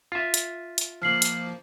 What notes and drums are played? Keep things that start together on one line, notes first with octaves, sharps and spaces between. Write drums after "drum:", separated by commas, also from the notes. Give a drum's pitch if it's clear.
F4 E5
drum: hi-hat
drum: hi-hat
F3 A#3 F6 C7 F#7
drum: hi-hat